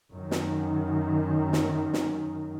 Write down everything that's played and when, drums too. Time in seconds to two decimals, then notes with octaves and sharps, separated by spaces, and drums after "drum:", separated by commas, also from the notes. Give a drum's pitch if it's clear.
0.11 F#2 D#3
0.31 drum: snare
1.53 drum: snare
1.93 drum: snare